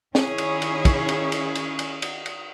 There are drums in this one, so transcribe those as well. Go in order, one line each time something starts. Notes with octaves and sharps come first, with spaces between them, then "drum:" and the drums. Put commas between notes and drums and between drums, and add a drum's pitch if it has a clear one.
D#3 C#4 E4 G#4 C#5, drum: snare
drum: cymbal
drum: cymbal
drum: kick, cymbal
drum: cymbal
drum: cymbal
drum: cymbal
drum: cymbal
drum: cymbal
drum: cymbal